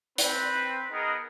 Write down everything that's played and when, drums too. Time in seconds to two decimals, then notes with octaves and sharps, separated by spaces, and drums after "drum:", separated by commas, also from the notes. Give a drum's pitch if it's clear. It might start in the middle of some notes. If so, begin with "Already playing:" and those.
0.18 C4 B4, drum: hi-hat
0.91 B3 D#4 G#4 A#4 D#5